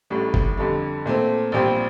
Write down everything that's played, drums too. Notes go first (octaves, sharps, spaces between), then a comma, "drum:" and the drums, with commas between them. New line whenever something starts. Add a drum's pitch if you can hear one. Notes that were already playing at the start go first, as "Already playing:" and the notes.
A1 A2 G3
drum: kick F#1
F2 D3 G3
A#2 A3 C4
A#1 A#2 G3 C4 G4